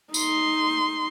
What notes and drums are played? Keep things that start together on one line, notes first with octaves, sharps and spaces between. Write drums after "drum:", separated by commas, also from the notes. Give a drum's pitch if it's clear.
D#4 C6, drum: tambourine